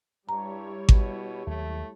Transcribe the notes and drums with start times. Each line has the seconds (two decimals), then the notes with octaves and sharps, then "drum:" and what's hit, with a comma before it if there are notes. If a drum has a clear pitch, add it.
0.29 G2 G3 E4 C#5 A#5
0.89 B2, drum: kick G#1
1.47 D#2 F#3 A3